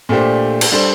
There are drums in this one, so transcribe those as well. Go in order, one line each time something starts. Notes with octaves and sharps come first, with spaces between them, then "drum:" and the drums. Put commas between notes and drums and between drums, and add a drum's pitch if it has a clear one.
A#2 A3 D4 G4 C5
drum: cymbal
G3 D4 A4 C5